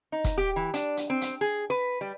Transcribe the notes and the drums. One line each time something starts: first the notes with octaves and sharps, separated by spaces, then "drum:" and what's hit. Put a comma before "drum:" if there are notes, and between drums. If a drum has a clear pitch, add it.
D#4
drum: kick E1, hi-hat
G4
E3
D4, drum: hi-hat
drum: hi-hat
C4
drum: hi-hat
G#4
B4
G3